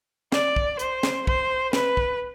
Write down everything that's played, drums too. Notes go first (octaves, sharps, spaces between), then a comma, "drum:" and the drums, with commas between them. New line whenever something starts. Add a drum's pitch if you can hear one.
D5, drum: snare
drum: kick
C5, drum: hi-hat
drum: snare
C5, drum: kick
B4, drum: snare
drum: kick